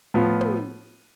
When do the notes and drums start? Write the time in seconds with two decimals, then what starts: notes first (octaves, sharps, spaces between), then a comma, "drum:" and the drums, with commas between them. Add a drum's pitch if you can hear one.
0.14 A2 F3 B3 F4
0.41 drum: tom